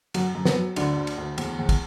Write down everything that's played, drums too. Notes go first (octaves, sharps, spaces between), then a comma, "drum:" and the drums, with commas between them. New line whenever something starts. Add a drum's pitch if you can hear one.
F#2 F#3 F#4, drum: cymbal
F#2
B3, drum: snare
F#3
D2 D3 D4, drum: cymbal
D2
drum: cymbal
D2
E2, drum: cymbal
E2
drum: kick, cymbal